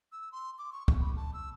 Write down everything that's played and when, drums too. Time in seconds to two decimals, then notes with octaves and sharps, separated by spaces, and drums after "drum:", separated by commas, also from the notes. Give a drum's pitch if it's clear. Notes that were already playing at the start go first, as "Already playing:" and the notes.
0.12 E6
0.32 C6
0.59 D6
0.73 C#6
0.88 C#6, drum: kick
1.00 B5
1.16 A5
1.34 E6